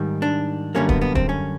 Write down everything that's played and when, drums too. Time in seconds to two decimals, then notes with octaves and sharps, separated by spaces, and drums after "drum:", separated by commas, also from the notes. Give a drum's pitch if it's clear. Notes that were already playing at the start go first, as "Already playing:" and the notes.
Already playing: G#2 D#3 G3
0.22 D4
0.75 F#2 D3 G3 A#3 C#4
0.89 B3, drum: kick
1.01 B3
1.15 C4, drum: kick
1.29 C#4